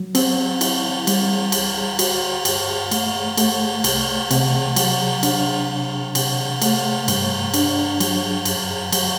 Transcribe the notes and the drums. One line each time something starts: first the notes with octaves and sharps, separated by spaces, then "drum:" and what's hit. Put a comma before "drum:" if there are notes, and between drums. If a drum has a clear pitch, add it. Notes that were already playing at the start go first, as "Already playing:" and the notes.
Already playing: F#3
C4, drum: cymbal
E4, drum: cymbal
G3, drum: cymbal
D2, drum: cymbal
F#4, drum: cymbal
G2, drum: cymbal
A3, drum: cymbal
A3, drum: cymbal
C2, drum: cymbal
C3, drum: cymbal
F#3, drum: cymbal
D4, drum: cymbal
C3
C3, drum: cymbal
A3, drum: cymbal
G2, drum: cymbal
D4, drum: cymbal
F#3, drum: cymbal
F#2, drum: cymbal
F#3, drum: cymbal